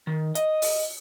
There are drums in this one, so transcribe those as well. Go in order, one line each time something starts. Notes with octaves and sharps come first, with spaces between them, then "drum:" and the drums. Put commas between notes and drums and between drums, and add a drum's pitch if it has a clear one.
D#3
D#5, drum: hi-hat
drum: open hi-hat